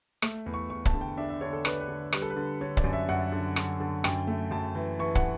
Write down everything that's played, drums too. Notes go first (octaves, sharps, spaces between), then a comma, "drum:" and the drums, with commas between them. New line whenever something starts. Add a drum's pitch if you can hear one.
A3, drum: rim click
E2
C#6
E2 C#6
A5, drum: kick
D3
G5
D4 E5
E5
D3 C#5
A4
D4 B4, drum: rim click
B4
D3
G3 B4, drum: rim click
A4
B4
D3
D3 C#5
D5, drum: kick
F#2
E5
F#2 F#5
D3
D3, drum: rim click
D3
F#2 G5, drum: rim click
A3
F#2 A5
E3
E3 C#6
F#5, drum: kick